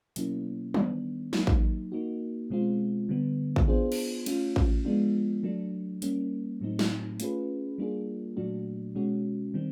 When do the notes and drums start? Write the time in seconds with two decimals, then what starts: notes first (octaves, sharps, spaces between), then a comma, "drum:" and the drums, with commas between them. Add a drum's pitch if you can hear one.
0.16 B2 F#3 A#3 C#4 E4, drum: hi-hat
0.74 D#3 G3 B3 D4, drum: tom
1.33 F#3 A#3 D#4, drum: snare
1.47 drum: kick A1
1.92 A#3 D#4 F#4
2.50 B2 G#3 C4 F4
3.09 D3 G3 B3
3.56 drum: kick A1
3.68 B3 D4 F4 G#4 C5
3.92 drum: cymbal
4.26 A3 C#4 F4, drum: cymbal
4.56 drum: kick A1
4.85 F3 G#3 B3 D4 F4
5.43 F#3 A3 D4
6.02 G3 A#3 C#4, drum: hi-hat
6.61 A2 F#3 A3 C4 D#4
6.79 drum: snare
7.20 A3 C#4 F4 G#4 B4, drum: hi-hat
7.78 G3 A#3 D4 F4 G#4
8.37 A#2 F#3 A3 D4 F#4
8.95 B2 G#3 C#4 F#4
9.54 D#3 G3 C4